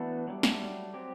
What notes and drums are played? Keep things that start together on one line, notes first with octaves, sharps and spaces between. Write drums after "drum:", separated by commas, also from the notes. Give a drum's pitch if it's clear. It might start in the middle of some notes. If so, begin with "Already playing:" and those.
Already playing: E3 A3 B3 D4 F#4 A4
F#3 G3 A3 D4
drum: snare
F#3 C4 G4